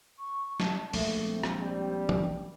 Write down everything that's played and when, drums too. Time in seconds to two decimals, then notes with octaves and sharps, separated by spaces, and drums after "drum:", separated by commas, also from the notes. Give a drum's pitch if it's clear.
0.19 C#6
0.60 A5, drum: snare
0.93 A#1 G#3 A3 E5, drum: open hi-hat
1.25 C4
1.44 drum: rim click
1.61 G3
2.09 drum: tom